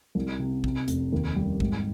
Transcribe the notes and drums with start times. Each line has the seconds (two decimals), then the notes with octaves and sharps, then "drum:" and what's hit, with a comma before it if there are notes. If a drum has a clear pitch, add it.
0.15 C2
0.39 C3
0.64 C3, drum: kick
0.88 F1, drum: hi-hat
1.12 D#2
1.36 G3
1.60 G#2, drum: kick